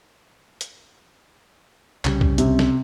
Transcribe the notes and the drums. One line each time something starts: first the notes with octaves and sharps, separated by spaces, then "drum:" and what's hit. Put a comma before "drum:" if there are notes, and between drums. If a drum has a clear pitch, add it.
drum: hi-hat
C2 C#3 G3, drum: clap
drum: kick C2
C3, drum: hi-hat
drum: snare